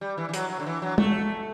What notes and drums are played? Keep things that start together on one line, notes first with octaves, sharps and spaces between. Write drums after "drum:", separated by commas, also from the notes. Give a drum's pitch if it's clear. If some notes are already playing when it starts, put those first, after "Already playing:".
G3
E3
E3
F#3, drum: hi-hat
F#3
D3
E3
F#3
A3, drum: tom